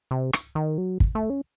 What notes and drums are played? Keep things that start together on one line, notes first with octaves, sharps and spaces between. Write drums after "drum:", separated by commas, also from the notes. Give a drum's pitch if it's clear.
C3
drum: rim click
D#3
F#3
drum: kick
A3
C#4